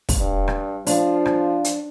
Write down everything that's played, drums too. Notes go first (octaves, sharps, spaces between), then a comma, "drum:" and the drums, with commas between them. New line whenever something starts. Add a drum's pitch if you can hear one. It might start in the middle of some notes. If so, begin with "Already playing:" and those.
drum: kick, open hi-hat
G2
drum: rim click
F3 D4, drum: open hi-hat
drum: rim click
drum: hi-hat